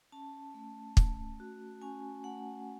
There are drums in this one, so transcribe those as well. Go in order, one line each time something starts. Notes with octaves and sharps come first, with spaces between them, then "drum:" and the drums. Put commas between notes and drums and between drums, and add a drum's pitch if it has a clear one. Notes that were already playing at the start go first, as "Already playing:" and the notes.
C#4 A5
A3
A3, drum: kick
F#4
C#4 G#5
A3 F#5